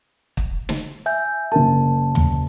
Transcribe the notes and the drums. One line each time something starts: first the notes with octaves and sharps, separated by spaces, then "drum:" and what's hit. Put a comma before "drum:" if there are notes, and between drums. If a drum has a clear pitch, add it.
drum: kick
drum: snare
E5 G#5 G6
F#1 A#4 A5
drum: tom